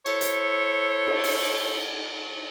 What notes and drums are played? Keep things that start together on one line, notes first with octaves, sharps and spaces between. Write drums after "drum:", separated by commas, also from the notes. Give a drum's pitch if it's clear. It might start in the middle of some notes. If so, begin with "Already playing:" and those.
E4 A4 C5 C#5, drum: cymbal
drum: hi-hat
drum: cymbal
drum: open hi-hat